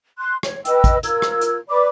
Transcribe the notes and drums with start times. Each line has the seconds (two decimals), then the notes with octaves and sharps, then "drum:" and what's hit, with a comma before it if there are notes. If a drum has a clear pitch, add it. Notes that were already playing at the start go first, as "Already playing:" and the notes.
0.18 C6 F#6
0.43 C#5, drum: rim click
0.65 B4 D#5 G5 E6, drum: hi-hat
0.84 drum: kick A1, hi-hat
1.03 F4 A#4 E6 G#6, drum: hi-hat
1.22 drum: rim click
1.41 drum: hi-hat
1.69 B4 D5 B5 D6